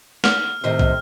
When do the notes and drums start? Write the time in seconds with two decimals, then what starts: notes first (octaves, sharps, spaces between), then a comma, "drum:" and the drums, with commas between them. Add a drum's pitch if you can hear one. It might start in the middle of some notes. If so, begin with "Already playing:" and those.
0.24 F6, drum: snare
0.64 A2 C3 D#3 C5 D#5
0.79 drum: kick